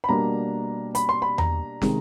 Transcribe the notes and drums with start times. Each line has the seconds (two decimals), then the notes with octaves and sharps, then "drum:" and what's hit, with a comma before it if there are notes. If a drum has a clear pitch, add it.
0.04 B5
0.09 B2 G3 A#3 D4 A#5
0.95 B5, drum: hi-hat
1.09 C6
1.22 B5
1.38 A#5, drum: tom E2
1.82 C3 D#3 G#3, drum: snare